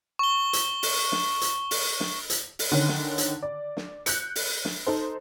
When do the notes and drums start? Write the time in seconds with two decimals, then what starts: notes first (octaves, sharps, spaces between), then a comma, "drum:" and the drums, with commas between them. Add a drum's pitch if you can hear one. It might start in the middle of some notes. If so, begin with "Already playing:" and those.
0.19 C#6 G7
0.53 drum: hi-hat
0.83 drum: open hi-hat
1.12 drum: snare
1.41 drum: hi-hat
1.71 drum: open hi-hat
2.00 drum: snare
2.30 drum: hi-hat
2.59 drum: open hi-hat
2.72 D3 D#3 C#4
2.88 drum: snare
3.18 drum: hi-hat
3.43 D5
3.77 drum: snare
4.06 F#6 G6 C#7, drum: hi-hat
4.35 drum: open hi-hat
4.65 drum: snare
4.87 D#4 A4 C5